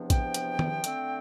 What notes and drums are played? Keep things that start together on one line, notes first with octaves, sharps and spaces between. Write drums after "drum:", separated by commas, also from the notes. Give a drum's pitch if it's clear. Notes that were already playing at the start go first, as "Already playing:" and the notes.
Already playing: E2 C3 F3 B3 D4
G5, drum: kick A#1, hi-hat
drum: hi-hat
drum: tom D#3
D3 A3 C4, drum: hi-hat